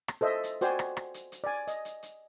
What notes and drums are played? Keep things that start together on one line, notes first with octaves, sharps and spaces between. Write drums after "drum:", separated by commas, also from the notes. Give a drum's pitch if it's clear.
drum: rim click
A4 C5 D#5 E5
drum: hi-hat
F#4 C5 D5 G5 G#5, drum: hi-hat
drum: rim click
drum: rim click
drum: hi-hat
drum: hi-hat
D5 G#5
D#5, drum: hi-hat
drum: hi-hat
drum: hi-hat